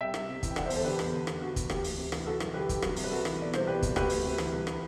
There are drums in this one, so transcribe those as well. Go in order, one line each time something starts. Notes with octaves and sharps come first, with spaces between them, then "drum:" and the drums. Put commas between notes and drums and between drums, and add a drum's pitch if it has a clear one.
C2 E5 G5
C2, drum: rim click
C3
E3, drum: kick, hi-hat
G5
D3 D5 F#5, drum: rim click
C5 E5
E2, drum: open hi-hat
A4 C5
D3 G4 B4
E2, drum: rim click
D3
E2, drum: rim click
D3 F#4
E2, drum: kick, hi-hat
D2 G4, drum: rim click
D2, drum: open hi-hat
C3
E3, drum: rim click
D3 F#4 A4
F#2, drum: rim click
D3 G4 B4
F#2 G4, drum: kick, hi-hat
C2 F#4, drum: rim click
C2, drum: open hi-hat
B4
C3 F#4 A4
E3, drum: rim click
B2 D5
C2 C5, drum: rim click
B2 G4 B4
C2, drum: kick, hi-hat
D2 G4 B4, drum: rim click
D2, drum: open hi-hat
C3
E3, drum: rim click
C2
drum: rim click